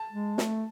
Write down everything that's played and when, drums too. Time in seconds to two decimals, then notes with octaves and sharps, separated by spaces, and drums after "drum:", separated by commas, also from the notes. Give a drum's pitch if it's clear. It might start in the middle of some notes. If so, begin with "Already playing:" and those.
Already playing: A5
0.12 G#3
0.38 A3, drum: snare